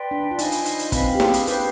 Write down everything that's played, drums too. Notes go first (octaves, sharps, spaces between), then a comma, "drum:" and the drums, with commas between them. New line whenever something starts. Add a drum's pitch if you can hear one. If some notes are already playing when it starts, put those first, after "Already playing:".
Already playing: B4 D5 G5 C6
D4
F4
D#4 C5 D#5 G#5 B5, drum: hi-hat
drum: hi-hat
drum: hi-hat
drum: hi-hat
C4 B4 F5 B5, drum: kick, hi-hat
G4
G#4, drum: snare E4
drum: hi-hat
D4 G4 B4 C5 F5, drum: hi-hat